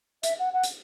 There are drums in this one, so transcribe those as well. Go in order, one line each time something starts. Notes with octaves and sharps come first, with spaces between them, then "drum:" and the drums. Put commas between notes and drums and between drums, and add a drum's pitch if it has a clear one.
E5, drum: hi-hat
F#5
F#5
drum: hi-hat